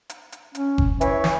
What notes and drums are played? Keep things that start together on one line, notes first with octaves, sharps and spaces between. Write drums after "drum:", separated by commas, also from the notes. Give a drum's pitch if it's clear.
drum: hi-hat
drum: hi-hat
C#4, drum: hi-hat
drum: kick F#1
E3 C#5, drum: hi-hat
drum: snare